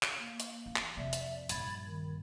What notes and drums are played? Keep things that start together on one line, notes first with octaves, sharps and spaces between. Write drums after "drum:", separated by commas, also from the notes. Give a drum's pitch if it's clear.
drum: clap
A#3
drum: hi-hat
E3
drum: clap
F2 C3 D5 E5
drum: hi-hat
A#1 G2 B5 G#6 A6, drum: hi-hat
D#3